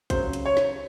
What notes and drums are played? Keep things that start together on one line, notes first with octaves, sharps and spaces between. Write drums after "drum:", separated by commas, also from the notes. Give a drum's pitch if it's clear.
C#3 F#3 C5, drum: kick, hi-hat
drum: hi-hat
C#5
drum: snare